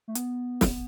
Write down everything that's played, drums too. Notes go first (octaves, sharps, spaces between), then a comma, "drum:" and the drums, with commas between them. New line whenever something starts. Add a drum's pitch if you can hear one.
A3
B3, drum: hi-hat
drum: snare